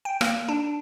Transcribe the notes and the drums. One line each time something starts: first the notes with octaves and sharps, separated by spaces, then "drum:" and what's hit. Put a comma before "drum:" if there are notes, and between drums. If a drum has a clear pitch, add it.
G5
A#3, drum: rim click
D4